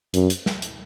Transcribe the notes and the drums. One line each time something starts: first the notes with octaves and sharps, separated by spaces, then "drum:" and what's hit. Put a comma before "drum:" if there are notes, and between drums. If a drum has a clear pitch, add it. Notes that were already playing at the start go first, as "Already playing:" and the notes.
F#2, drum: hi-hat
drum: hi-hat
drum: snare
drum: hi-hat